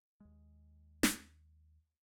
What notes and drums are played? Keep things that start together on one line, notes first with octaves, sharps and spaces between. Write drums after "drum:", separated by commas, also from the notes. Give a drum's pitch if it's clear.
D#2 G#3
drum: snare